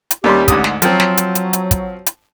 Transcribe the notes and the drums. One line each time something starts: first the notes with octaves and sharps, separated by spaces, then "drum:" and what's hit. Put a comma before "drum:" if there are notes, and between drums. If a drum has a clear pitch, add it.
drum: hi-hat
D#2 G3 C#4 G4 C6
D2 G#2 D#6, drum: kick, hi-hat
drum: snare
F3 F#3 C4, drum: hi-hat
drum: snare
drum: hi-hat
drum: hi-hat
drum: hi-hat
drum: kick, hi-hat
drum: hi-hat